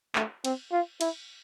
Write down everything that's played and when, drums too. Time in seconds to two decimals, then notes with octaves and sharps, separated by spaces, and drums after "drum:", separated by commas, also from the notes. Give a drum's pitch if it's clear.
0.16 A3, drum: clap
0.44 C4, drum: cymbal
0.72 F4
1.01 E4, drum: cymbal